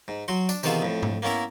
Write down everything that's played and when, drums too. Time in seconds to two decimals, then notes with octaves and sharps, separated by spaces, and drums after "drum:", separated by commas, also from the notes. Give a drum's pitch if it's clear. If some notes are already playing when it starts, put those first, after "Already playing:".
0.08 G#2
0.28 F#3 F#4 C6
0.49 D4, drum: tambourine
0.63 C3 D#3 E3 B3 F4 G#4, drum: tambourine
0.82 F2 A2
1.03 drum: tom G#2
1.22 A#3 B3 C#4 E4 A#4